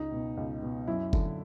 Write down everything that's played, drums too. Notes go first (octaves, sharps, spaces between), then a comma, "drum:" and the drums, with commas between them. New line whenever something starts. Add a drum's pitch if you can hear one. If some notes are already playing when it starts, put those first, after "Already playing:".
Already playing: C#2 D#4
B2
C#2
B2
F#2 E4
D3, drum: kick F#1